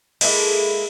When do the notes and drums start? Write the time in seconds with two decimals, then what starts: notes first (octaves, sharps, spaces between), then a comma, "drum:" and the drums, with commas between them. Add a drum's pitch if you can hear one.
0.21 G#3 A#3 E4 A4, drum: cymbal